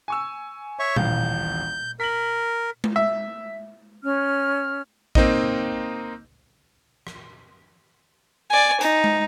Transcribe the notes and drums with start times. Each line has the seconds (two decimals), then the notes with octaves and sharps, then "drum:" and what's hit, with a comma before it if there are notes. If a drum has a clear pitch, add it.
0.08 G#5 C#6 E6
0.79 C#5 E5 C#6
0.96 D#1 A1 F5 G6, drum: tom A#2
2.00 A#4 B6 F#7
2.84 drum: tom G#3
2.96 E5
4.03 C#4 F6
5.15 A#3 C4 D#4 D#5, drum: kick A1
7.07 drum: rim click
8.50 D5 G#5
8.81 D#4, drum: hi-hat
9.04 drum: tom G#3